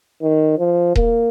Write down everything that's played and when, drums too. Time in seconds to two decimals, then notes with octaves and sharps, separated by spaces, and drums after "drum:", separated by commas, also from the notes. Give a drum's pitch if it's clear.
0.22 D#3
0.59 F3
0.96 A#3, drum: kick D#1